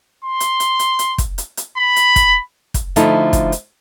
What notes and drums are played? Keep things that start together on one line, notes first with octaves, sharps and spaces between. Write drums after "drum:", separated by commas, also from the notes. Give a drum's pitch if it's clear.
C6
drum: hi-hat
drum: hi-hat
drum: hi-hat
drum: hi-hat
drum: kick, hi-hat
drum: hi-hat
drum: hi-hat
B5
drum: hi-hat
drum: kick, hi-hat
drum: kick, hi-hat
D3 F3 A3 D#4 E4, drum: hi-hat
drum: kick, hi-hat
drum: hi-hat